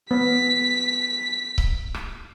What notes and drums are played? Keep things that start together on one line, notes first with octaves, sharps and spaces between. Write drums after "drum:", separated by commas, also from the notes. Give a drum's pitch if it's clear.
B3 B6
drum: kick C#1
drum: rim click